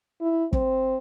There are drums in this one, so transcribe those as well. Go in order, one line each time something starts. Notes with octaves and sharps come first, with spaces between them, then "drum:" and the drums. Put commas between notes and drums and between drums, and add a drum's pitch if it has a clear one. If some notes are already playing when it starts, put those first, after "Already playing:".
E4
C4, drum: kick